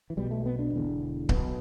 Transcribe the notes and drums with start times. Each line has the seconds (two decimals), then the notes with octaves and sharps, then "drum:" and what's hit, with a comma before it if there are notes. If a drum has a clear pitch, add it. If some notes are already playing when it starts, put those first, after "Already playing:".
0.10 E3
0.17 B1 B2 G3
0.31 A3
0.46 B3
0.59 D4
0.74 E1 E2 D3
1.29 B1 B2 B3, drum: kick C#1